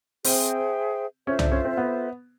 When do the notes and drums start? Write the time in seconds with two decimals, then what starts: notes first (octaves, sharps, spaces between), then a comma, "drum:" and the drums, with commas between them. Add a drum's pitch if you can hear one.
0.24 C4 G#4 C5 E5 G5, drum: open hi-hat
1.27 C#4 F4 A4 C5 E5
1.39 D4, drum: tom C2
1.52 C#4
1.65 C4
1.77 B3